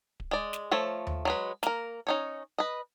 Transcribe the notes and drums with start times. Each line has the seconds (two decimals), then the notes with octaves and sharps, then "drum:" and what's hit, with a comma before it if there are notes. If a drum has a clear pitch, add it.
0.20 drum: kick D1
0.31 G#3 D5
0.53 drum: snare
0.71 F3 A3 A4 C#5
1.07 drum: tom D#2
1.25 F#3 G#3 B4
1.63 A#3 A#4, drum: snare
2.07 C#4 D#4 C#5
2.58 B4 D#5